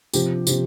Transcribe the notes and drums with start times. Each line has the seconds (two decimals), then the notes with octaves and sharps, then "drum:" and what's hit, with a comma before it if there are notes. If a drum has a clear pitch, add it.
0.13 C3 F3 G4, drum: tambourine
0.47 C3 F3, drum: tambourine